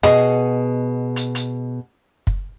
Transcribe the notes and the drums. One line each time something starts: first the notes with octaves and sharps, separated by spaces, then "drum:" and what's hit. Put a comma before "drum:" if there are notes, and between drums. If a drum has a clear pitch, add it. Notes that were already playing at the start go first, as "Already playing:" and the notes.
B2 G#4 D#5 F#5, drum: rim click
drum: hi-hat
drum: hi-hat
drum: kick